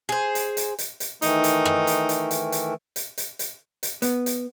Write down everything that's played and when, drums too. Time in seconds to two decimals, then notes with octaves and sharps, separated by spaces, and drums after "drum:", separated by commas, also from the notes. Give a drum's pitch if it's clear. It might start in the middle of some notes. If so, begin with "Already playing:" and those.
0.09 G#4 C5
0.35 drum: hi-hat
0.57 drum: hi-hat
0.79 drum: hi-hat
1.00 drum: hi-hat
1.22 D#3 E3 A3 D#4, drum: hi-hat
1.44 drum: hi-hat
1.65 drum: rim click
1.87 drum: hi-hat
2.09 drum: hi-hat
2.31 drum: hi-hat
2.52 drum: hi-hat
2.96 drum: hi-hat
3.18 drum: hi-hat
3.39 drum: hi-hat
3.83 drum: hi-hat
4.02 B3, drum: hi-hat
4.26 drum: hi-hat